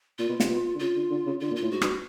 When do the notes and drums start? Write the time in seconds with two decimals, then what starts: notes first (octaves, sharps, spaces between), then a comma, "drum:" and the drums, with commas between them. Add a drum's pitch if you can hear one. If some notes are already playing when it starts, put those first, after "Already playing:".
0.19 A#2 F4
0.29 B2
0.40 C3, drum: snare
0.49 B2
0.74 D3
0.79 C#3 F4
0.96 D3
1.10 D3
1.26 C#3
1.40 D3 F4
1.51 A#2
1.56 F4
1.62 A2
1.71 G#2 F#4
1.82 G2, drum: rim click